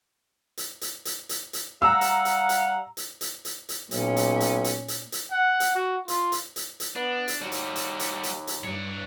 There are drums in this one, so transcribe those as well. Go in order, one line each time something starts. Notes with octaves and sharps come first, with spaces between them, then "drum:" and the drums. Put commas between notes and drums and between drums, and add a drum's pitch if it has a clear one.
drum: hi-hat
drum: hi-hat
drum: hi-hat
drum: hi-hat
drum: hi-hat
G3 F5 F#5 A#5 E6
drum: hi-hat
drum: hi-hat
drum: hi-hat
drum: hi-hat
drum: hi-hat
drum: hi-hat
drum: hi-hat
B1 A#2 C#4, drum: hi-hat
drum: hi-hat
drum: hi-hat
drum: hi-hat
drum: hi-hat
drum: hi-hat
F#5
drum: hi-hat
F#4
F4, drum: hi-hat
drum: hi-hat
drum: hi-hat
drum: hi-hat
B3 D4
drum: hi-hat
D#2 G3 F#4
drum: hi-hat
drum: hi-hat
drum: hi-hat
drum: hi-hat
drum: hi-hat
G2 D4 C#5